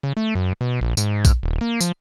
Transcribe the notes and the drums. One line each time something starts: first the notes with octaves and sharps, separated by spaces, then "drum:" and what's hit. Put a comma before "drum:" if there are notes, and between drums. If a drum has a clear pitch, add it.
C#3
A3
F#2
B2
A#1
G#2, drum: tambourine
drum: kick A#1, tambourine
D#1
A#3
F3, drum: tambourine